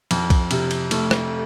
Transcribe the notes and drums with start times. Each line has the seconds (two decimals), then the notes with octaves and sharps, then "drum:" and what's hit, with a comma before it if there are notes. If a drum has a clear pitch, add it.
0.11 F2, drum: cymbal
0.30 drum: kick B1, cymbal
0.51 C3, drum: cymbal
0.71 drum: cymbal
0.91 A3, drum: cymbal
1.11 drum: rim click